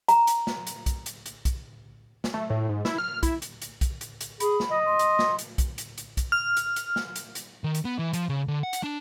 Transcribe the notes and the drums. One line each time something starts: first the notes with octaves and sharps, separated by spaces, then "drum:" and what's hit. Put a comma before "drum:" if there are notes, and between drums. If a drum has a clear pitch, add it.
A#5, drum: hi-hat
drum: hi-hat
drum: snare
drum: hi-hat
drum: kick, hi-hat
drum: hi-hat
drum: hi-hat
drum: kick, hi-hat
drum: snare
A3
A2
G#2
E4, drum: snare
F6
E4, drum: kick, hi-hat
drum: hi-hat
drum: hi-hat
drum: kick, hi-hat
drum: hi-hat
drum: hi-hat
G#4 B5, drum: hi-hat
drum: snare
D#5
C6
drum: hi-hat
drum: snare
drum: hi-hat
drum: kick, hi-hat
drum: hi-hat
drum: hi-hat
drum: kick, hi-hat
F6
drum: hi-hat
drum: hi-hat
drum: snare
drum: hi-hat
drum: hi-hat
D#3
drum: hi-hat
B3
E3
F3, drum: hi-hat
C#3
D3
F#5
drum: hi-hat
D4